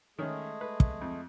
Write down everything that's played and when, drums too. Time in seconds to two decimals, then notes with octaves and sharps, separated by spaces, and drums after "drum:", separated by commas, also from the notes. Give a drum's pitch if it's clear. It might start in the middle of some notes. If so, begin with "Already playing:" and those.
0.19 D#3 G#3 A3 C#4 G#4
0.61 B4
0.80 drum: kick
1.02 F2